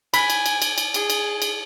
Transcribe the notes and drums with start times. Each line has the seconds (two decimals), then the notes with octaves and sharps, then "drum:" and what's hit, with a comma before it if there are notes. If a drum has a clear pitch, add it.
0.14 G#5 B5, drum: cymbal
0.30 drum: cymbal
0.46 drum: cymbal
0.62 drum: cymbal
0.78 drum: cymbal
0.94 G#4, drum: cymbal
1.10 drum: cymbal
1.42 drum: cymbal